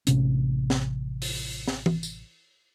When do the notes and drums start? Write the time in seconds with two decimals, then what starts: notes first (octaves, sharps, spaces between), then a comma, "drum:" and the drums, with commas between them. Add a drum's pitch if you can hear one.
0.07 A1 C3 C#4, drum: hi-hat
0.70 drum: snare
1.22 drum: open hi-hat
1.68 drum: snare
1.86 drum: tom
2.03 drum: tambourine